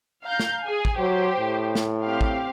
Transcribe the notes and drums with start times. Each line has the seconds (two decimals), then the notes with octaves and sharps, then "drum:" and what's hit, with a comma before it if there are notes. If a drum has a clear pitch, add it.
0.24 F5 A#5 G6
0.40 drum: snare
0.62 G#4 G#5
0.85 drum: kick
0.98 F#3 G4 C5
1.39 A2
1.75 drum: snare
2.03 C4 G4 F5
2.21 drum: kick